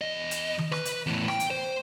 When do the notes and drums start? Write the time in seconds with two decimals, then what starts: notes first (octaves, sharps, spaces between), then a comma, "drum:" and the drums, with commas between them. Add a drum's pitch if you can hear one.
0.01 E2 D#5
0.31 drum: hi-hat
0.58 drum: tom D#3
0.72 B4, drum: rim click
0.86 drum: hi-hat
1.06 E2 A2
1.28 G5, drum: rim click
1.40 drum: hi-hat
1.50 C5